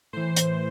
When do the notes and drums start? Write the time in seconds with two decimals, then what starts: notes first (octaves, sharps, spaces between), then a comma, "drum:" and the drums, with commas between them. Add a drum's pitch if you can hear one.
0.13 A2 E3 C5
0.36 drum: hi-hat